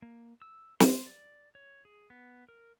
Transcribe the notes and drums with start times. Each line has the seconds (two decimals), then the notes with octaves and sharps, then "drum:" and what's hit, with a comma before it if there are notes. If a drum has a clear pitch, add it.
0.02 A#3
0.42 E6
0.80 C6, drum: snare
1.07 D5
1.55 C#5
1.85 G#4
2.10 B3
2.49 A#4